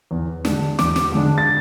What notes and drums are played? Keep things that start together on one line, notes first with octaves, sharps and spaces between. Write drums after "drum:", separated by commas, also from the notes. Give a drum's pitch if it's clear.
E2
D3 G#3 D4, drum: snare
E2 D6, drum: snare
drum: snare
D3 G#3 D4
A6